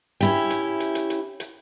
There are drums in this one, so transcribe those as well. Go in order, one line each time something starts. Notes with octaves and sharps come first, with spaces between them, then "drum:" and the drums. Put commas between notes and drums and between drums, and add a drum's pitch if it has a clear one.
C#4 E4 G4, drum: hi-hat
drum: hi-hat
drum: hi-hat
drum: hi-hat
drum: hi-hat
drum: hi-hat